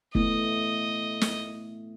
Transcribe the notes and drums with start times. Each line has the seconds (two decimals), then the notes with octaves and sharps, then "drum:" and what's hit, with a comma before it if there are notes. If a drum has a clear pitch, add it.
0.15 A3 B3 E4 D#5, drum: kick
1.21 drum: snare